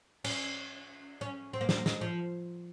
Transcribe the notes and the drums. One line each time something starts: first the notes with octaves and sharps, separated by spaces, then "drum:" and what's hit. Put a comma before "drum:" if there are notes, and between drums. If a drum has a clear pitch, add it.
C#4, drum: cymbal
C#4
C4
A#3
G3, drum: snare
A#3
G#3, drum: snare
F3